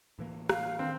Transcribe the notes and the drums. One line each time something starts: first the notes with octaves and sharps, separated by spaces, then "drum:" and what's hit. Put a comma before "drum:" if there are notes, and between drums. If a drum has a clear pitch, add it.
A2 E3 A#3
F5, drum: rim click
D#3 C4 D4